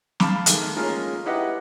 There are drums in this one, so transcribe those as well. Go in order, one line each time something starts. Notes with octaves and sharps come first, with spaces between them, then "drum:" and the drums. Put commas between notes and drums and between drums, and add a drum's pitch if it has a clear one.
F5 A5 B5 D6, drum: snare
D#3 G#3 A3, drum: hi-hat
G#3 A#3 C#4 D#4 F4 A#4
D#4 E4 G4 B4 D#5 F#5